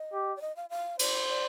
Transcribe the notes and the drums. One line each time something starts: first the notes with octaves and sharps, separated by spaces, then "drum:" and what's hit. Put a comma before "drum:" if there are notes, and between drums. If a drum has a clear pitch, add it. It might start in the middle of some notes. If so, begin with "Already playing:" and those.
Already playing: D#5
G4
D5
D#5
F5
F5
C5 D5, drum: cymbal
D5